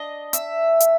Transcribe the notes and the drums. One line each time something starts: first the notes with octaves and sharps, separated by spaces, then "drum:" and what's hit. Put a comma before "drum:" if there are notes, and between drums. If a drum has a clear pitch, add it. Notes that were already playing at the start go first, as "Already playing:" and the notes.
Already playing: D4 D#5
E5, drum: hi-hat
drum: hi-hat